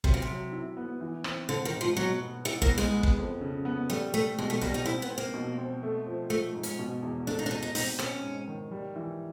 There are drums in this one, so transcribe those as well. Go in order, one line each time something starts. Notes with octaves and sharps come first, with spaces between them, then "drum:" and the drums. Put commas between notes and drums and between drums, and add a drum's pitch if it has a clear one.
C3 F#3, drum: kick
C#3
C3
F#3
E4
B3
E3
C4, drum: rim click
D3 C4
D#3
G#2
F3
B2 F#3
B3
G3 E4
A#3, drum: kick
B3
G#3, drum: snare
B3
drum: kick
F2
C#3
B3
G3 A3
G3 A3
B2 G#3
A3
G3 A#3, drum: snare
D#4
C4 E4
B3
C4
A#3
B2
C4
A3
F3
F3 A3
G#2
C#4, drum: hi-hat
B2
E2
A3 D4
D#4
D4
B2 D#4
D#4
C4 D#4, drum: open hi-hat
C4 C#4, drum: rim click
G#2
D#3
G3
E3